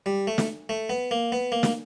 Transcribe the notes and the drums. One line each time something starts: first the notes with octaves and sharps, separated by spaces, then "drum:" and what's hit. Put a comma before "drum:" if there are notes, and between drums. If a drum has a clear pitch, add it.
G3
A3
drum: snare
A3
B3
A#3
B3
A#3
drum: snare